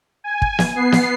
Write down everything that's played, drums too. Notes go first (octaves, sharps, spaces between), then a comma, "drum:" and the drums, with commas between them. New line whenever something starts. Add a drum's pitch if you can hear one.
G#5
drum: kick
drum: snare
B3 C7
drum: snare